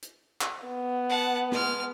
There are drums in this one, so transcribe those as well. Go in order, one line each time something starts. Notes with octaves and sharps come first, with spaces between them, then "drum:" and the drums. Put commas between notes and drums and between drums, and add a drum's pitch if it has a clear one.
drum: hi-hat
drum: clap
B3
F#5 A5
G#3 F6, drum: snare